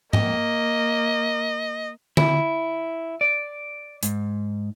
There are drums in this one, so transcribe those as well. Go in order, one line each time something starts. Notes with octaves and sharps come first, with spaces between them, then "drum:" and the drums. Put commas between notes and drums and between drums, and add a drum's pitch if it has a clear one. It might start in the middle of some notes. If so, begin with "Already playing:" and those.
A#3 D#5, drum: tom G#2
E4, drum: tom D3
D5
G#2, drum: hi-hat